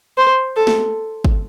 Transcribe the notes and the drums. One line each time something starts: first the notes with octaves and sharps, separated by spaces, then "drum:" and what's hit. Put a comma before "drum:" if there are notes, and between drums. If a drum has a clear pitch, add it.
C5
A4
drum: snare
drum: kick